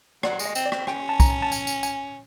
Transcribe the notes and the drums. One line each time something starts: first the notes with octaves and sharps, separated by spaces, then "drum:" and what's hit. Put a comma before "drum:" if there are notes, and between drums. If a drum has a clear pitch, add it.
F#3 D5, drum: rim click
G#3, drum: tambourine
D#5
C4, drum: tambourine
D5
C4, drum: rim click
C#4 G5, drum: rim click
A5
A#5, drum: kick, tambourine
A5
A5
G#5, drum: tambourine
drum: tambourine
G#5, drum: tambourine